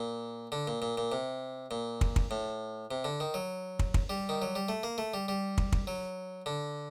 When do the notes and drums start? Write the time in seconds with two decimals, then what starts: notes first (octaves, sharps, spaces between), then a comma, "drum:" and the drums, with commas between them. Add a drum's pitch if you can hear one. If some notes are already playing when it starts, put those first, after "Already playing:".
Already playing: A#2
0.52 D3
0.67 A#2
0.82 A#2
0.98 A#2
1.12 C3
1.71 A#2
2.01 drum: kick
2.16 drum: kick
2.31 A2
2.91 C3
3.04 D3
3.20 D#3
3.34 F#3
3.79 drum: kick
3.94 drum: kick
4.10 G3
4.29 D#3
4.42 F#3
4.56 G3
4.69 A3
4.83 A#3
4.98 A3
5.14 G3
5.28 G3
5.58 drum: kick
5.72 drum: kick
5.87 F#3
6.46 D3